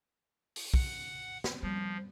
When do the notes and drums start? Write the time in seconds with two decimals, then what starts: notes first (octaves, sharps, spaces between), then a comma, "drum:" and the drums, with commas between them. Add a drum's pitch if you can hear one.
0.56 drum: open hi-hat
0.74 F#5, drum: kick
1.44 drum: snare
1.63 F3 G3